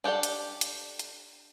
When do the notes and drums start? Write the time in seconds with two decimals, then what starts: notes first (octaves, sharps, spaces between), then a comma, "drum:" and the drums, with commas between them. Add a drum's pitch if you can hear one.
0.04 D4 G4 A4 D5 G5
0.23 drum: hi-hat
0.61 drum: hi-hat
0.99 drum: hi-hat